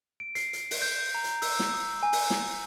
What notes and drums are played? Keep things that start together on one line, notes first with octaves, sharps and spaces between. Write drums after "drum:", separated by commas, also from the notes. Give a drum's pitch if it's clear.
D7
C7, drum: hi-hat
drum: hi-hat
drum: open hi-hat
G6
A#5
drum: hi-hat
E6, drum: open hi-hat
drum: snare
D#6
G#5
drum: open hi-hat
drum: snare